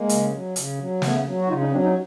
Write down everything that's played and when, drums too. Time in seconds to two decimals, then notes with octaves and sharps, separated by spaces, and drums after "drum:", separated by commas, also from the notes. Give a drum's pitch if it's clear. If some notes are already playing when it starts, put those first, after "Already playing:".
Already playing: G#3 A#3
0.09 C#3, drum: hi-hat
0.31 F#3
0.56 C#3, drum: hi-hat
0.79 F#3
1.02 C#3 A3 B3, drum: snare
1.25 F#3
1.39 F#4
1.48 C#3 D#4 F4
1.60 C#4 D#4
1.71 F#3 C4 D4
1.83 C#4 D#4